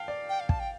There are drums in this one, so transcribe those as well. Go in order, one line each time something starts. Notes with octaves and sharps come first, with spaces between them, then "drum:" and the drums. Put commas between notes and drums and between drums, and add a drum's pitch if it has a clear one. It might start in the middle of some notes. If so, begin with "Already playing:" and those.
Already playing: F5 G5 A5
D5
G5
F5
A5, drum: kick
G5